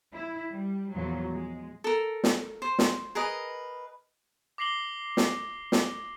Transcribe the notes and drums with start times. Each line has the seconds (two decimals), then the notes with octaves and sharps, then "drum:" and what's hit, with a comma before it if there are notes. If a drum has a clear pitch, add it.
0.12 E4
0.50 G3
0.92 E2 A#2 F3 F#3
1.33 G#3
1.84 A4 A#4
2.24 drum: snare
2.62 C5
2.79 drum: snare
3.15 G#4 A#4 B4 D#5
4.58 D6 A#6 C7 F#7 G7
5.17 drum: snare
5.72 drum: snare